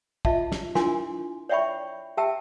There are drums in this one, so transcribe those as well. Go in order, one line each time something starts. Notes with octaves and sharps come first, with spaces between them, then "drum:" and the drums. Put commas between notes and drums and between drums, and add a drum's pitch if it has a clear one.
F4 D#5 E5 A5, drum: kick
drum: snare
D4 E4 F4 A#4 G#5 C6, drum: snare
C#5 D5 E5 G5 B5 C#6
G4 E5 G5 A5 A#5 E6